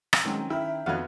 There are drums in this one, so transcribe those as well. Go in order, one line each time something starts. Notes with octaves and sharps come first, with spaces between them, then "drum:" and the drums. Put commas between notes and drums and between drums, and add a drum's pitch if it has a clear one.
drum: rim click
D#3 F#3 G#3 C4 C#4
E4 E5 G5 F6
F2 B3 D#4 F#4 D#5 F5 G#6